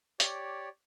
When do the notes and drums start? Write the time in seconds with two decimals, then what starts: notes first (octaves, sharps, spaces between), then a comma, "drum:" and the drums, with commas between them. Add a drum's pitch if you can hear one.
0.20 G4 C#5 D5, drum: hi-hat